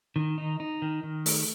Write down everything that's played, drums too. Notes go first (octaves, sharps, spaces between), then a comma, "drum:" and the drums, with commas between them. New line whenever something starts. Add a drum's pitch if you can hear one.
D#3
D#4
D#4
D#3
D#3
A3, drum: open hi-hat